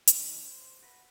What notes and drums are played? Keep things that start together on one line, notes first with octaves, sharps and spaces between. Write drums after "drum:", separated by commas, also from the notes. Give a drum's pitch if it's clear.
D3 F3 C#4 D#5 E5, drum: hi-hat
C5
F#4 B4